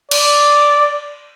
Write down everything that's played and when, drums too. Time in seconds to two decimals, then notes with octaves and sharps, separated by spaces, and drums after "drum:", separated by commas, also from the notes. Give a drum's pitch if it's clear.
0.11 D5, drum: cymbal